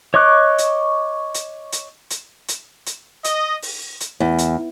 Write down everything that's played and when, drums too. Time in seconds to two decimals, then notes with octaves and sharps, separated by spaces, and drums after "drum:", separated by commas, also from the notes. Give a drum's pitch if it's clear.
0.14 C#5 D#5 C#6 D6 F#6
0.58 drum: hi-hat
1.34 drum: hi-hat
1.72 drum: hi-hat
2.10 drum: hi-hat
2.48 drum: hi-hat
2.86 drum: hi-hat
3.24 D#5, drum: hi-hat
3.62 drum: open hi-hat
4.00 drum: hi-hat
4.20 E2
4.38 drum: hi-hat